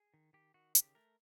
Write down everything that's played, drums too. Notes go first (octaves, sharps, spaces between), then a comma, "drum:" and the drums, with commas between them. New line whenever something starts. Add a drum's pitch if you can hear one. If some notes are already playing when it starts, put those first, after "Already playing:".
Already playing: G#4
D#3
D#3 G4
D#3 F#4
C#3 G4, drum: hi-hat
A3 A#4